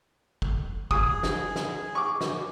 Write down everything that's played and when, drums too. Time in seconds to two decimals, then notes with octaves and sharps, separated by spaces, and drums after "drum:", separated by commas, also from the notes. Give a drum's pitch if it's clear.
0.42 drum: kick
0.91 G#4 D#6, drum: kick
1.23 drum: snare
1.56 drum: snare
1.95 C#6 D6
2.21 drum: snare